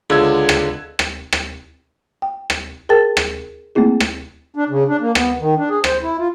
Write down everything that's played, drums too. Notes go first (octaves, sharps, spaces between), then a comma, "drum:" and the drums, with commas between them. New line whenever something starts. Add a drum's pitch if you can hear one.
C#2 D3 E6 G#6
drum: rim click
drum: rim click
drum: rim click
G5
drum: rim click
G#4 A#4 G5 A5 A6
drum: rim click
A3 A#3 C4 E4 G#4
drum: rim click
D4
C#3
D4
A#3
B3, drum: rim click
D#3
D4
G#4
C5, drum: rim click
E4
F4